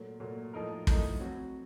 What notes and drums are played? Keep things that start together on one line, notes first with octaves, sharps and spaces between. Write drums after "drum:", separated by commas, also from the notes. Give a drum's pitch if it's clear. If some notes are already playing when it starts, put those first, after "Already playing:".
Already playing: A#2 F#3 A3
A#2 F#3 A3
A2 F3 A3 D#4 A#4
A2 F3 A3 D#4 A#4, drum: kick
F#3 C4 F#4